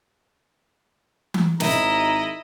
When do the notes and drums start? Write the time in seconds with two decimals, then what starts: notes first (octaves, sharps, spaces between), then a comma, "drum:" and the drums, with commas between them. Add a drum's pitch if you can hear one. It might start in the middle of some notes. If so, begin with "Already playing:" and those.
1.34 drum: tom E3
1.60 G#1 D#4 E4 D#5 A#5, drum: snare